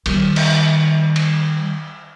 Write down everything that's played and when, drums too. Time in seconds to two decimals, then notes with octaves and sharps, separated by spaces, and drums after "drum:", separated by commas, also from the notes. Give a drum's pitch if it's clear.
0.06 D#3 G3, drum: cymbal
0.36 drum: cymbal
1.16 drum: cymbal